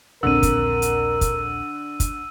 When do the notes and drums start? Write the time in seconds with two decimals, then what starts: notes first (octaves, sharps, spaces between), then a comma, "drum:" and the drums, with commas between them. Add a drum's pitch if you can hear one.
0.23 D#1 A#1 D3 C4 A#4 E6 D#7
0.43 drum: kick, hi-hat
0.82 drum: hi-hat
1.21 drum: kick, hi-hat
2.00 drum: kick, hi-hat